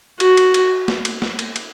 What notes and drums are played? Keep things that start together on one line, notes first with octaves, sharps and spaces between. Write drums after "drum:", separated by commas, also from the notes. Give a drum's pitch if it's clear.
F#4, drum: cymbal
drum: cymbal
drum: cymbal
drum: snare
drum: cymbal
drum: snare
drum: cymbal
drum: cymbal